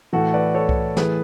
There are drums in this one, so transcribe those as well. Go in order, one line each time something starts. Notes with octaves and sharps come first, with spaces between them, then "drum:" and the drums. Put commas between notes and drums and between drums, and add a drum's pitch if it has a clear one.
A2 E3 F#4 A4
B4 D5
A4 C#5
drum: kick C2
A2 E3 G#4 B4, drum: snare